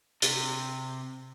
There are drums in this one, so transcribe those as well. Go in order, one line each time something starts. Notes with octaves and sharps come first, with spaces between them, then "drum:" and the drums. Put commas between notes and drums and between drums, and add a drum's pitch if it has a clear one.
C3, drum: hi-hat